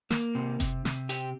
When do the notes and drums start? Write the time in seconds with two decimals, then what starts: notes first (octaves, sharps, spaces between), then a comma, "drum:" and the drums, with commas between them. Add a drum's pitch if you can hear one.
0.11 A#3, drum: snare
0.35 C3
0.60 C3, drum: kick F#1, hi-hat
0.85 C3, drum: snare
1.09 G4, drum: hi-hat